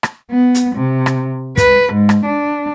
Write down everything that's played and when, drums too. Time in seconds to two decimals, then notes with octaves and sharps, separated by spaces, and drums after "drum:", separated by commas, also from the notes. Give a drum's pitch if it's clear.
0.03 drum: rim click
0.31 B3
0.55 drum: hi-hat
0.75 C3
1.06 drum: rim click
1.57 B4, drum: kick, hi-hat
1.93 G#2
2.09 drum: rim click
2.25 D4